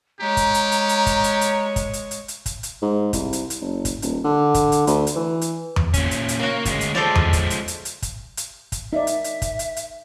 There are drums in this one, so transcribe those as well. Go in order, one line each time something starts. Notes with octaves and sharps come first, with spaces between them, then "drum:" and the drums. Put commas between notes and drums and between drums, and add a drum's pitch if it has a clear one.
G#3 G4 C#5 A#5
drum: kick, hi-hat
drum: hi-hat
drum: hi-hat
drum: hi-hat
drum: kick, hi-hat
drum: hi-hat
drum: hi-hat
drum: kick, hi-hat
drum: hi-hat
drum: hi-hat
drum: hi-hat
drum: kick, hi-hat
drum: hi-hat
G#2
C2, drum: kick, hi-hat
drum: hi-hat
drum: hi-hat
F#1
drum: kick, hi-hat
D#1, drum: hi-hat
D3
drum: kick, hi-hat
drum: hi-hat
D2, drum: hi-hat
drum: hi-hat
E3
drum: hi-hat
drum: tom E2
A#2 C#4, drum: kick, hi-hat
drum: hi-hat
drum: hi-hat
C#3 A#3 F#4
D2 G#3, drum: kick, hi-hat
drum: hi-hat
F3 G#3 A4 C5 D5
drum: tom E2
drum: kick, hi-hat
drum: hi-hat
drum: hi-hat
drum: hi-hat
drum: kick, hi-hat
drum: hi-hat
drum: kick, hi-hat
D#4 D5 E5
drum: hi-hat
drum: hi-hat
drum: kick, hi-hat
drum: hi-hat
drum: hi-hat